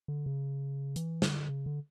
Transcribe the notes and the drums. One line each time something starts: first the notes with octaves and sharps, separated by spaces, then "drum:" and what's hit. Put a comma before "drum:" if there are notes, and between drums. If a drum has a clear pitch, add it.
D3
C#3
E3, drum: hi-hat
D3, drum: snare
C#3
D3